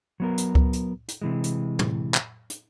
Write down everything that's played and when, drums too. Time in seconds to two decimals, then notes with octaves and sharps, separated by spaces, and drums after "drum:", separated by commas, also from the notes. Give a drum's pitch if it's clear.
0.20 F#3 B3 A#4
0.38 drum: hi-hat
0.55 drum: kick C#2
0.73 drum: hi-hat
1.08 drum: hi-hat
1.22 C3 E3 G#3
1.44 drum: hi-hat
1.79 drum: tom
2.14 drum: clap
2.50 drum: hi-hat